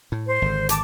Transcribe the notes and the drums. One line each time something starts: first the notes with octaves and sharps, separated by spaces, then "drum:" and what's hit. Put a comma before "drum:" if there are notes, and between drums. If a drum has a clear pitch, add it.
A2
C5
G#1 D3
A5 D6, drum: hi-hat